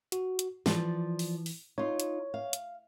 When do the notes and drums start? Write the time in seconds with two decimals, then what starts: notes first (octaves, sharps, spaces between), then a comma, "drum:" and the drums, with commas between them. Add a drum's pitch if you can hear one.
0.12 F#4, drum: hi-hat
0.39 drum: hi-hat
0.66 E3 F3 D5, drum: snare
1.19 drum: open hi-hat
1.46 drum: open hi-hat
1.78 D#4 F4 C#5
2.00 drum: hi-hat
2.34 F5
2.53 drum: hi-hat